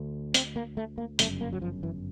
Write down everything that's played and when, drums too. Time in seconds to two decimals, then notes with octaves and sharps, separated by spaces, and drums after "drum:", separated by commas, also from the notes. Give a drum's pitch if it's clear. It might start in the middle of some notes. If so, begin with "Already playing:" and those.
Already playing: D2 D3
0.34 C4, drum: hi-hat
0.56 A#3
0.77 A3
0.98 A#3
1.19 G1 F#2 C#3 A3, drum: hi-hat
1.41 A#3
1.53 F#3
1.62 F3
1.83 E3